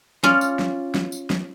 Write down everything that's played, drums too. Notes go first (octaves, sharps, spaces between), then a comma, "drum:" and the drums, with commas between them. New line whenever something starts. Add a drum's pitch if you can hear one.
C#4 F4 D5, drum: snare
drum: tambourine
drum: snare
drum: snare
drum: tambourine
drum: snare